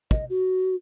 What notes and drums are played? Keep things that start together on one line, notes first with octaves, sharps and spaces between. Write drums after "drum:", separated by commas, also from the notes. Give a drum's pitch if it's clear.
D#5, drum: kick
F#4